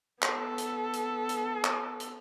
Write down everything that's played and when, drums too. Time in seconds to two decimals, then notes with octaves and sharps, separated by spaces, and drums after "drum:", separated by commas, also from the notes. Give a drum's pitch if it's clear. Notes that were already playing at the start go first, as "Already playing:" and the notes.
0.22 B3 A4, drum: clap
0.58 drum: hi-hat
0.93 drum: hi-hat
1.29 drum: hi-hat
1.64 drum: clap
2.00 drum: hi-hat